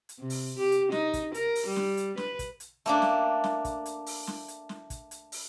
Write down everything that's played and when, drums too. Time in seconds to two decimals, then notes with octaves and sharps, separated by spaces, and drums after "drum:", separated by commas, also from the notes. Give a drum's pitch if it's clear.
0.09 drum: hi-hat
0.20 C3
0.30 drum: open hi-hat
0.58 G4
0.72 drum: hi-hat
0.92 D#4, drum: snare
1.13 drum: kick, hi-hat
1.34 A#4, drum: hi-hat
1.55 drum: open hi-hat
1.67 G3
1.76 drum: snare
1.97 drum: hi-hat
2.17 B4, drum: snare
2.39 drum: kick, hi-hat
2.60 drum: hi-hat
2.86 A3 A#3 D4
3.02 drum: snare
3.44 drum: snare
3.65 drum: kick, hi-hat
3.86 drum: hi-hat
4.06 drum: open hi-hat
4.27 drum: snare
4.48 drum: hi-hat
4.69 drum: snare
4.90 drum: kick, hi-hat
5.11 drum: hi-hat
5.32 drum: open hi-hat